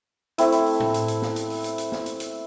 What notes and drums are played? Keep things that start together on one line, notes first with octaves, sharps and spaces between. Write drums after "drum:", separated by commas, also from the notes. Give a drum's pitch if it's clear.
A3 C4 E4, drum: hi-hat
drum: hi-hat
drum: open hi-hat
drum: tom A2
drum: hi-hat
drum: hi-hat
drum: snare
drum: hi-hat
drum: open hi-hat
drum: hi-hat
drum: hi-hat
drum: snare
drum: hi-hat
drum: hi-hat